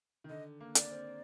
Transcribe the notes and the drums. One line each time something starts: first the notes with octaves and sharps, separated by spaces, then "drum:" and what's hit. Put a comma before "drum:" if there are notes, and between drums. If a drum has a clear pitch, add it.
D#3
D3 D#5
A#3
D5, drum: hi-hat
C4